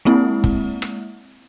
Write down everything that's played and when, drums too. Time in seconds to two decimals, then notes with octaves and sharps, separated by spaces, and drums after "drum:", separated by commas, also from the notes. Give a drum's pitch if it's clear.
0.05 G#3 A#3 C4 E4
0.44 drum: kick
0.82 drum: rim click